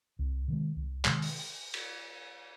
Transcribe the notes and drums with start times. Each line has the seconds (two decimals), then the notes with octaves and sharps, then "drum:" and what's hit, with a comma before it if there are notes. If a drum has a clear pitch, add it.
0.19 C2
0.48 C3 D#3 G#3
0.76 C2
1.05 C3 D#3 G#3, drum: clap
1.22 drum: open hi-hat
1.74 drum: cymbal